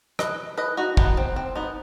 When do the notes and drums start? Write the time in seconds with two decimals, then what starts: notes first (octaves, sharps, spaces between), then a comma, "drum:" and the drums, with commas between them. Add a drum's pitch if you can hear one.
0.19 B4 D#5, drum: rim click
0.58 B4 D#5
0.77 D#4 F#4
0.97 B3 D#4, drum: kick
1.17 C4
1.36 C4
1.55 B3 D#4